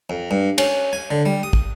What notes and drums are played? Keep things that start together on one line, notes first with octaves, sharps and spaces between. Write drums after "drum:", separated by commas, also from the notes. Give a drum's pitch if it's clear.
F2
G2
C#4, drum: cymbal
G#5
D3
G3
D#6
drum: kick